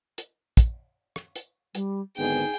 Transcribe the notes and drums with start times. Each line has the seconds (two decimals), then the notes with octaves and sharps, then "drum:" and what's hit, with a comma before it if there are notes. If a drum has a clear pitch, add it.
0.18 drum: hi-hat
0.57 drum: kick, hi-hat
1.16 drum: rim click
1.36 drum: hi-hat
1.75 G3, drum: hi-hat
2.18 G#1 D3 B3 D#4 G#4 G5